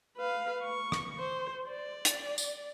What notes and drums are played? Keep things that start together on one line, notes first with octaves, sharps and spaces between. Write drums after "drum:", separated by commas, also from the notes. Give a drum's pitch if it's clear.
B4 F5
C#6
drum: rim click
C5
D5
drum: hi-hat
drum: tambourine